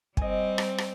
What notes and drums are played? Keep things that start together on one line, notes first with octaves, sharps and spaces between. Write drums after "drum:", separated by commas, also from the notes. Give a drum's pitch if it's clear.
G3 C4 D#5 G#5, drum: kick
drum: rim click
drum: rim click